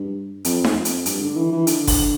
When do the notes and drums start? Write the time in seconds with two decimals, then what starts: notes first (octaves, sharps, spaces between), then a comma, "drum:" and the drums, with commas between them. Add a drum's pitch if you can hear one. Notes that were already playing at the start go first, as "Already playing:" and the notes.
Already playing: G2
0.45 F2, drum: hi-hat
0.64 drum: snare D#4
0.75 F2
0.85 drum: hi-hat
1.06 G2, drum: hi-hat
1.21 D3
1.36 E3
1.52 E3
1.67 D3, drum: hi-hat
1.87 drum: kick F#1, open hi-hat